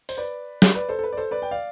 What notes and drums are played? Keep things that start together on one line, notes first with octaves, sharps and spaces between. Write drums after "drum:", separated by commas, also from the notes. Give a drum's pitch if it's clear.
C5, drum: open hi-hat
B4 D5
drum: snare
B4 D5
A4 C5
A4
B4
D5
A4 C5
B4 D5
G5
D5 F5